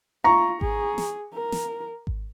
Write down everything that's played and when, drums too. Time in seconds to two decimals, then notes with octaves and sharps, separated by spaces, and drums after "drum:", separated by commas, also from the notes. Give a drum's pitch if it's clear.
0.24 F4 A#5 C#6
0.61 G#4, drum: kick G#1
0.98 drum: snare
1.34 A#4
1.52 drum: snare
2.07 drum: kick G#1